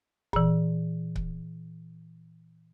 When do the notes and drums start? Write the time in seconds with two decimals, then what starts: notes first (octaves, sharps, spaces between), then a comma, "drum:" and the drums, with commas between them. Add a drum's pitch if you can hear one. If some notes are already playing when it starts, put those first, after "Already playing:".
0.33 A#2 E3, drum: kick C#1
1.16 drum: kick C#1